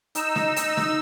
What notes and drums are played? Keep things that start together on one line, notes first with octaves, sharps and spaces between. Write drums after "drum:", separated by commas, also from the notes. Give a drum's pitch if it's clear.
D#4 E6, drum: hi-hat
drum: snare
drum: hi-hat
drum: snare